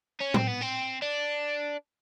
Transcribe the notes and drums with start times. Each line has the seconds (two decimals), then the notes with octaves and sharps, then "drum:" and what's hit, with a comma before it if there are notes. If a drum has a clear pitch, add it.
0.21 C#4
0.34 C4, drum: tom A2
0.48 B3
0.62 C4
1.02 D4